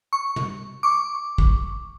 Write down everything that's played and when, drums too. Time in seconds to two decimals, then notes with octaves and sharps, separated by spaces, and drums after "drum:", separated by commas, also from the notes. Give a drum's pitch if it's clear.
0.13 C#6
0.36 drum: tom
0.83 C#6 D6
1.38 drum: kick